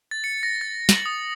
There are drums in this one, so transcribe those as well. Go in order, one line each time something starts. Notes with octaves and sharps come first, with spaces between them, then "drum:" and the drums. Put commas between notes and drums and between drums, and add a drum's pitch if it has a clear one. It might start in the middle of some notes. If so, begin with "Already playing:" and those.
A6
C#7
A#6
A6
F#7, drum: snare
D#6